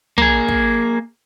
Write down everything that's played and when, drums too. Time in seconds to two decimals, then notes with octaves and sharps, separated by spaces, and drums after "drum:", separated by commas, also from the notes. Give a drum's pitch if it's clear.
0.18 A#3 G#4, drum: tom
0.48 drum: kick